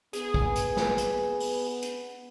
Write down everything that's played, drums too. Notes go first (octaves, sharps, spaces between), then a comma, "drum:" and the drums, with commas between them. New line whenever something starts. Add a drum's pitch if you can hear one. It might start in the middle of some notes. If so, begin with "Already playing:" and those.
B3 G#4, drum: hi-hat
drum: kick
drum: hi-hat
drum: snare
drum: hi-hat
drum: open hi-hat
drum: hi-hat